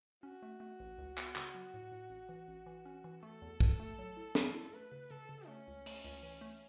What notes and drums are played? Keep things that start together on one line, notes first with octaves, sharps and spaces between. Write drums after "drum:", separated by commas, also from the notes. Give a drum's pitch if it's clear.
C#4 F#4
A3
A3
A1
C#2
B3, drum: clap
C#3, drum: clap
F#3
A2
A2
A1
E3
A1
E3
C#4
E3
A3 A4
E2
E3, drum: kick
A3
F#3
E4
F#3, drum: snare
E4
A3 B4
C#3
C#3 A4
C#3
A3 C#4
C#2
A3, drum: open hi-hat
C#2
E3
A3